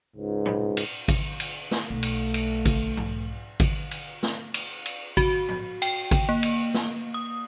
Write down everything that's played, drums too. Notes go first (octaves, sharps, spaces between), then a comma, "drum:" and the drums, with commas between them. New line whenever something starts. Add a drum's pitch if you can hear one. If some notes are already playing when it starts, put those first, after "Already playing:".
C#2 G#2
drum: tom
drum: cymbal
drum: kick G#1, cymbal
drum: cymbal
drum: snare
B1 A3
drum: cymbal
drum: cymbal
drum: kick G#1, cymbal
drum: tom G#2
drum: kick G#1, cymbal
drum: cymbal
drum: snare
drum: cymbal
drum: cymbal
F#4, drum: kick G#1, cymbal
drum: tom
G5, drum: cymbal
drum: kick G#1, cymbal
A#3
drum: cymbal
drum: snare
D#6